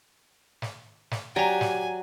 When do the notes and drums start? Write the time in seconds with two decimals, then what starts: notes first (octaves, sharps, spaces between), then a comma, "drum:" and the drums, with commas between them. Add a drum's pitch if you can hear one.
0.62 drum: snare
1.11 drum: snare
1.36 F#3 G4 D5 G5 G#5 A#5
1.61 drum: snare